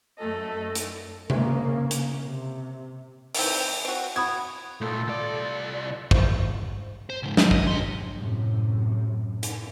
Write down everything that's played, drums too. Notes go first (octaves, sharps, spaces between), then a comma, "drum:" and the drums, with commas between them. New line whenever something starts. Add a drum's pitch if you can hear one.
F#2 A3 A4 D#5
drum: hi-hat
C#3 A#3, drum: tom C3
drum: hi-hat
C3
D#3 E3 C4, drum: open hi-hat
C4 F#4
F#4 B5 D#6 G#6
A#2 A3 F4 A4
C2 D5
A3 C5, drum: kick
C5
C#2 G#2
D#3 G#3, drum: snare
D#5, drum: kick
B2 C6
F#2 A2 C3
drum: hi-hat